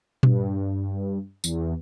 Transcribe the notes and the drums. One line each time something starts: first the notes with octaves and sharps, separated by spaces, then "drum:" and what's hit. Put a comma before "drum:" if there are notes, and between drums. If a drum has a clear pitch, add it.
G2, drum: tom A#2
E2, drum: tambourine